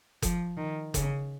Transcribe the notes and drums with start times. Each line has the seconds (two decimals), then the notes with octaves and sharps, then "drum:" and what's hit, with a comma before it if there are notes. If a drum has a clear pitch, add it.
0.22 F3, drum: kick F#1, hi-hat
0.57 D#3
0.94 C#3, drum: kick F#1, hi-hat